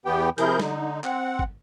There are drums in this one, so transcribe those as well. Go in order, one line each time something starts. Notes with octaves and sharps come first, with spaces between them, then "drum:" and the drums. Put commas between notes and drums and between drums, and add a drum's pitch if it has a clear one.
E2 E3 B3 G4 G5
C3 F3 E4 G#4 A#4 G6, drum: hi-hat
D3 D#4, drum: snare
C4 F#5, drum: clap
drum: kick